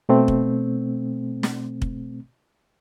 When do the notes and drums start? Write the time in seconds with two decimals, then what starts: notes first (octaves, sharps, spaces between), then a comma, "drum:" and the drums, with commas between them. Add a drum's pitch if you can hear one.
0.09 B2 A3 C4
0.28 drum: kick
1.43 drum: snare
1.82 drum: kick